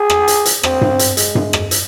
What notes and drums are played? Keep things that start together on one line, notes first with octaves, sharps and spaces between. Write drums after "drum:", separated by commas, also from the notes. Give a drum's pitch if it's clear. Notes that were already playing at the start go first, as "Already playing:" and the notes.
Already playing: G#4
drum: rim click
drum: hi-hat
drum: hi-hat
C4, drum: rim click
drum: tom G2
drum: hi-hat
G#3, drum: hi-hat
drum: tom G2
drum: rim click
drum: hi-hat